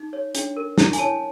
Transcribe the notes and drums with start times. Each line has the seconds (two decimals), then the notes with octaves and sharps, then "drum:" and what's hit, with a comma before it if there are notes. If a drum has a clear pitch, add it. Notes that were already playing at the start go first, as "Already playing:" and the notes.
Already playing: D#4
0.13 C#5
0.35 D4, drum: hi-hat
0.56 A#4
0.78 E4, drum: snare
0.93 G#5, drum: hi-hat
0.99 C#5 A5